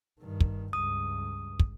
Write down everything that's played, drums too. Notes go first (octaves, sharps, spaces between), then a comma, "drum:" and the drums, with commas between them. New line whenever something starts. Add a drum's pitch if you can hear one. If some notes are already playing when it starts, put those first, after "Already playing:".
G2 D#3
drum: kick
C#2 G2 D#6
drum: kick